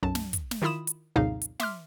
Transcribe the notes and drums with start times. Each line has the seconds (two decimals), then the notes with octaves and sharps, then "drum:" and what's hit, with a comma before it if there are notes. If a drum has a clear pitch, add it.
0.03 B1 F#2 A5
0.15 drum: snare
0.33 drum: kick, hi-hat
0.51 drum: snare
0.62 D#3 E4 F4 B5 D#6 E7
0.87 drum: hi-hat
1.16 C2 F2 A#2 C#3 D#4 F5
1.42 drum: hi-hat
1.60 E5 C6 D6 F6, drum: snare